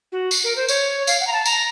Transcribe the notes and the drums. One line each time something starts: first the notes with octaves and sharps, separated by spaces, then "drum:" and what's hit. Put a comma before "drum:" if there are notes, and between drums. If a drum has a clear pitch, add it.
F#4
drum: tambourine
A#4
C5
C#5, drum: tambourine
F5, drum: tambourine
F#5
A#5
A5
A#5, drum: tambourine